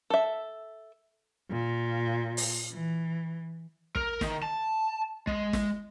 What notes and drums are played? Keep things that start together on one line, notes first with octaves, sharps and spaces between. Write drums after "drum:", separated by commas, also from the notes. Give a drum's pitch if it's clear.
A4 E5
A#2
drum: open hi-hat
E3
A#4, drum: kick
D#3, drum: snare
A5
G#3, drum: kick
drum: snare